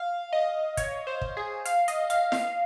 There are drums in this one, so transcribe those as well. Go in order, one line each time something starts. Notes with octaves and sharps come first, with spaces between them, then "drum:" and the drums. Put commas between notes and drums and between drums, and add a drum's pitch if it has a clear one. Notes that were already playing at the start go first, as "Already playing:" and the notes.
Already playing: F5
D#5
C#5, drum: kick, hi-hat
C5
drum: kick
G#4
F5, drum: hi-hat
D#5, drum: hi-hat
F5, drum: hi-hat
F5, drum: snare E4